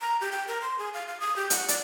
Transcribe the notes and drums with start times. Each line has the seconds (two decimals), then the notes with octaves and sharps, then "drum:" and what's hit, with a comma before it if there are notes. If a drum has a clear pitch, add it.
0.01 A#5
0.21 G4
0.32 G5
0.48 A#4
0.61 C6
0.79 G#4
0.94 F5
1.08 F5
1.20 D#6
1.36 G4
1.50 F#5, drum: hi-hat
1.68 D5, drum: hi-hat